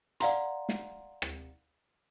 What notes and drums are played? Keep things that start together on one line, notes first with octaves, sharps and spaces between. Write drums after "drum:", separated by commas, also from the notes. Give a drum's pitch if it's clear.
D5 F5 F#5 A#5 C6, drum: hi-hat
drum: snare
drum: rim click